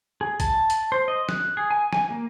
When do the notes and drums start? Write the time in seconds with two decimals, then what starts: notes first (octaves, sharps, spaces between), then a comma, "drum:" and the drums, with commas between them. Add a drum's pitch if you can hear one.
0.21 G#4
0.40 A5, drum: kick B1, hi-hat
0.70 drum: hi-hat
0.92 C5
1.08 D#5
1.29 F#6, drum: snare
1.57 G#4
1.71 G#5
1.93 G#5, drum: snare
2.10 A#3